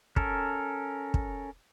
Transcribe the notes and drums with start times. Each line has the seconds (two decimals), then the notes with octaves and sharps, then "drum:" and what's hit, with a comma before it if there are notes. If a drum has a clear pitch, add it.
0.16 C#4 A4 A#4, drum: kick
1.14 drum: kick